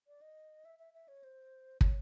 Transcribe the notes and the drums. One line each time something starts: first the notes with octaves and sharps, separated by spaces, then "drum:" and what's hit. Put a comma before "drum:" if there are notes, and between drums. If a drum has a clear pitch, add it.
D5
D#5
E5
E5
E5
C#5
C5
C#5, drum: kick